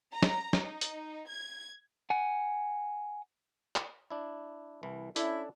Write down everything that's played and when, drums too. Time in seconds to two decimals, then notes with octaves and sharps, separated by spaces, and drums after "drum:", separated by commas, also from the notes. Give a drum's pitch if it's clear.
0.13 A#5
0.22 drum: snare
0.53 drum: snare
0.64 D#4
0.81 drum: hi-hat
1.29 G#6
2.10 F#5 G#5
3.76 drum: clap
4.10 D4 E4
4.83 C2 E3
5.16 C#4 D4 E4 A4 D5, drum: hi-hat